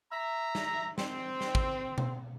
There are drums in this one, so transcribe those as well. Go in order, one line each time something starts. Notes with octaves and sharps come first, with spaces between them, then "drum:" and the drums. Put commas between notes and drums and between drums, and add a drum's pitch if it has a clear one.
E5 A#5
drum: snare
C4, drum: snare
drum: snare
drum: kick
drum: tom B2